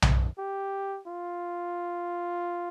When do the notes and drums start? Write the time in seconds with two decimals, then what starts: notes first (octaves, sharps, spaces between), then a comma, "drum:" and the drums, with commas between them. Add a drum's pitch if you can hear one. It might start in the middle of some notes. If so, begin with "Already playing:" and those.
0.02 drum: tom B1
0.39 G4
1.07 F4